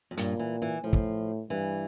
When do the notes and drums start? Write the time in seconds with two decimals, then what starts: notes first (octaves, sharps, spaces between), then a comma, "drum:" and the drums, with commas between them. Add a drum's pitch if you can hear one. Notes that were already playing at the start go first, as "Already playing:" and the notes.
0.11 F2
0.17 G2 A#2, drum: hi-hat
0.39 E3
0.62 E3
0.84 A2 F3
0.93 drum: kick
1.50 G2 E3